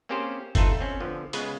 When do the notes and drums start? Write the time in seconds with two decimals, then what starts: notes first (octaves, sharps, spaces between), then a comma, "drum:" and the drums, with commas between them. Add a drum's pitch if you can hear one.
0.09 A#3 C4 C#4 G4 G#4 C5
0.55 A3 C4 D#4 F4 A4 B4, drum: kick G1, hi-hat
0.80 C4 C#4
1.00 D3 F3 B3
1.33 C#2 C#3 G#3 B3 G#4 B4, drum: hi-hat